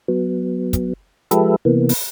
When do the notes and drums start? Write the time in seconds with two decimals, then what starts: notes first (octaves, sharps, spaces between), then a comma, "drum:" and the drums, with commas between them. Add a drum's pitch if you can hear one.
0.08 F#3 B3
0.73 drum: kick, hi-hat
1.31 F3 G#3 G4 A4 B4 E5, drum: hi-hat
1.65 C3 E3 A#3 B3
1.89 drum: open hi-hat